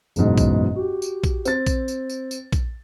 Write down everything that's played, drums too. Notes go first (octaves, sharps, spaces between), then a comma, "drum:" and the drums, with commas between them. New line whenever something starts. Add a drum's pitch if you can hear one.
F#1 E2 G#2 B2, drum: tambourine
drum: kick A#1, tambourine
F#4 G4
drum: tambourine
drum: kick A#1, tambourine
C4 A6, drum: tambourine
drum: kick A#1, tambourine
drum: tambourine
drum: tambourine
drum: tambourine
drum: kick A#1, tambourine